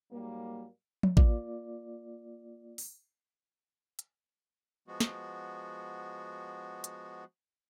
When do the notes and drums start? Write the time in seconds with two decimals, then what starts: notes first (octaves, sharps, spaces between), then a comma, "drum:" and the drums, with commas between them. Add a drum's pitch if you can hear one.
0.11 G#2 F#3 G3 A#3
1.03 drum: tom F3
1.17 A#3 F4 D5, drum: kick A1
2.78 drum: open hi-hat
3.99 drum: hi-hat
4.88 F3 G#3 B3 F#4
5.00 drum: snare
6.84 drum: hi-hat